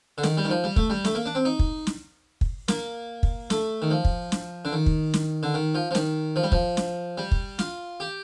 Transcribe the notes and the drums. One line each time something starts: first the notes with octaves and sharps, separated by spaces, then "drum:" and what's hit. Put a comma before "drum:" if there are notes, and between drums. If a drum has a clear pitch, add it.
D3
D#3, drum: snare
G3
D#3
F3
G3
A3, drum: kick
G3
A3, drum: snare
A#3
D4
C4
D#4
drum: kick
drum: snare
drum: kick
A#3, drum: snare
drum: kick
A3, drum: snare
D#3
F3
drum: kick
drum: snare
D3
D#3
drum: kick
drum: snare
D3
D#3
F3
F3
D#3, drum: snare
F3
G3
F3, drum: kick
drum: snare
G3
drum: kick
F4, drum: snare
G4